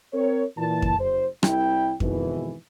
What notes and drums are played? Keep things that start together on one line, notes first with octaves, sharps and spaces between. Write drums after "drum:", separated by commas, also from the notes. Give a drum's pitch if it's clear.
C4 A#4 C#5
A#2 E3 A5
drum: kick F2
F#1 C5
C2 E4 G5, drum: rim click
F2 G#2 B2 D#3 E3, drum: kick F2